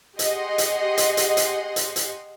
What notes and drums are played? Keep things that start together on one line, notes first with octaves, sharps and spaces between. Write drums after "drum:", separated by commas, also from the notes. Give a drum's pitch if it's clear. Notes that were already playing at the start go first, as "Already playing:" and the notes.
G4 G#4 D#5 F#5 C6, drum: hi-hat
drum: hi-hat
drum: hi-hat
drum: hi-hat
drum: hi-hat
drum: hi-hat
drum: hi-hat